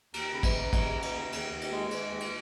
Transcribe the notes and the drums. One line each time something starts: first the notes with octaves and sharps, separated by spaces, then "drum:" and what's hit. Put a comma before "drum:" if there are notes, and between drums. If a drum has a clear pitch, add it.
D#2 A#5, drum: cymbal
C#3 B5
drum: kick, cymbal
C#3 A#5
D#2, drum: kick, cymbal
C#3
drum: cymbal
D#2
D#2, drum: cymbal
D#2
drum: cymbal
G#3
G#3, drum: cymbal
D#2
drum: cymbal